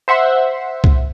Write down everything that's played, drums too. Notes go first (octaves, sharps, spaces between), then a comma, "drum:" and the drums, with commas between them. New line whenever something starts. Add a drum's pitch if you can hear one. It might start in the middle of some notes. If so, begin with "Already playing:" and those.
C5 E5 F#5 C6
drum: kick C2